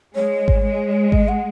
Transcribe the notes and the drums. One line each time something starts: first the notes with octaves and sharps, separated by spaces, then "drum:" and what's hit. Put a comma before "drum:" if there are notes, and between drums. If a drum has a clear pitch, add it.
G#3 C#5
drum: kick G#1
G#3
D#5, drum: kick G#1
F#5